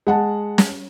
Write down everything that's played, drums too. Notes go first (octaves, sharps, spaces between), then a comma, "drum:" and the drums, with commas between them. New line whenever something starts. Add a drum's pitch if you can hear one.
G#3 F#5 A5
drum: snare